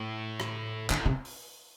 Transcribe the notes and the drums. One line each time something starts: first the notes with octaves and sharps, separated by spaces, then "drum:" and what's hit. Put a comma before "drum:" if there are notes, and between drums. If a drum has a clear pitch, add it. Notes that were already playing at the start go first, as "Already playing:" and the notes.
Already playing: A2
drum: rim click
A2 D3, drum: clap
C3
drum: open hi-hat